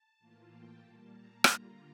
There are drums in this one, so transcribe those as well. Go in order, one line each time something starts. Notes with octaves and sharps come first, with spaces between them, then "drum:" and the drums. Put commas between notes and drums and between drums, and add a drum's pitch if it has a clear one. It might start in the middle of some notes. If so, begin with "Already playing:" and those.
Already playing: A5
A2 E3 A#3 F4
G5
A#2 G3 A#3 A5
A#5
D3 G3 A#3 F4, drum: rim click